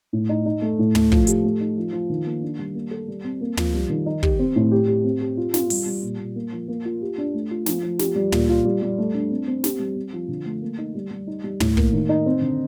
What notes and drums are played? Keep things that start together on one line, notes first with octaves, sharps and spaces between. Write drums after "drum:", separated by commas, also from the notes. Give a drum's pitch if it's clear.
A2
D#4
D#4
A3
A2
A3, drum: tom
F3, drum: kick
G4, drum: hi-hat
A3
D#4
F3
F3
D#3
A#3
D4
G3
A#3
A4
G3
C4
A#3
F3, drum: tom
G3
D#3
D#4
G4, drum: kick
C4
A2
G4
G4
C4
G4
F4
F4, drum: snare
G3, drum: open hi-hat
G3
A#2
A#2
A#3
F3
A#3
F4
G4
D4
A3
F4
F3, drum: snare
F3
G4, drum: snare
G3
A#2, drum: tom
F4
G3
G3
A3
D4
C4
C4
G4, drum: snare
G3
C4
F3
D3
A3
A#3
D#4
G3
G3
D#4
G3
A2, drum: tom
A#3, drum: kick
D#3
D#4
C4
D3